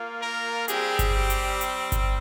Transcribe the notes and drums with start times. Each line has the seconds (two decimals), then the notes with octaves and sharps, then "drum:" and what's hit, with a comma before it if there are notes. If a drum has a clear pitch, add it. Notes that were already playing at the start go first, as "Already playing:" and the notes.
Already playing: A#3 F4
0.22 A#4
0.68 G3 C4 G4 G#4, drum: hi-hat
0.99 drum: kick G1, hi-hat
1.14 G4
1.30 drum: hi-hat
1.61 drum: hi-hat
1.92 drum: kick G1, hi-hat